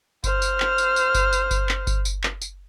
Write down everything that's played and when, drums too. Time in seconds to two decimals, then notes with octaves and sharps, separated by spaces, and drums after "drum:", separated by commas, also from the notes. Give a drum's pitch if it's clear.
0.24 C5 F6, drum: kick G1, tambourine
0.42 drum: tambourine
0.60 drum: clap
0.78 drum: tambourine
0.96 drum: tambourine
1.15 drum: kick G1, tambourine
1.33 drum: tambourine
1.51 drum: kick G1, tambourine
1.69 drum: clap
1.87 drum: kick G1, tambourine
2.05 drum: tambourine
2.23 drum: clap
2.42 drum: tambourine